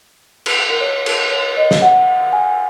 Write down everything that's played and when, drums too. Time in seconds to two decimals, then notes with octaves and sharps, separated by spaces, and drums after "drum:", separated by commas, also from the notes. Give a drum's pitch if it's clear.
0.46 drum: cymbal
0.70 A#4
0.81 C#5
1.06 A#4, drum: cymbal
1.31 C#5
1.57 D#5
1.71 drum: snare
1.82 F#5
2.33 G#5